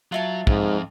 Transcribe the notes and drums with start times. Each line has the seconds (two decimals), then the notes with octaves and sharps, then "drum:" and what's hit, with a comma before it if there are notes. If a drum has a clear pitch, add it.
0.12 F#3 F4 E5 A5
0.47 F2 G#2, drum: kick